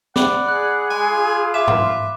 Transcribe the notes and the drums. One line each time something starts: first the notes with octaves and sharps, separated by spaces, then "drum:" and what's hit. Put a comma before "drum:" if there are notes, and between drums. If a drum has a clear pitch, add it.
D5 F#5 B5 D6, drum: snare
G#4 F#6
G#3 G#5
F4
E5 D6 E7
drum: tom